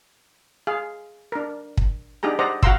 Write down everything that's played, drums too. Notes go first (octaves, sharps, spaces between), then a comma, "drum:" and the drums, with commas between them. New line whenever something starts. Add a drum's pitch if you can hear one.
G#4 F5
D4 A#4
drum: kick
D4 D#4 G4 G#4 A#5
G4 C5 D5 D#5 F#5 A#5
F#4 F5 F#5 A#5 C6 E6, drum: kick